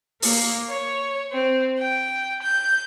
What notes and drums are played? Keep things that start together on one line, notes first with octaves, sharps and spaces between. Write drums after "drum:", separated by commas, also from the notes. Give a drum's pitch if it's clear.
A#3, drum: open hi-hat
C#5
C4
G5
G6